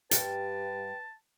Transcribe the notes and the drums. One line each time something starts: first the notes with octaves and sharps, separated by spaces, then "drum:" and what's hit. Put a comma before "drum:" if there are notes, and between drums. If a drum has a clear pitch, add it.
G2 G3 B4 G5 A5, drum: hi-hat